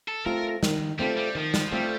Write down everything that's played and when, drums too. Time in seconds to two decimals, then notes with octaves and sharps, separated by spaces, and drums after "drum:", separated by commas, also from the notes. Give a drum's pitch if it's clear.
0.08 A4
0.26 A3 C4 F4 A4 A#4
0.63 D#3, drum: snare
0.99 G3 A3 C4 F4 A4
1.17 G3
1.35 D#3 F3
1.54 drum: snare
1.72 G3 A3 C4 F4 A4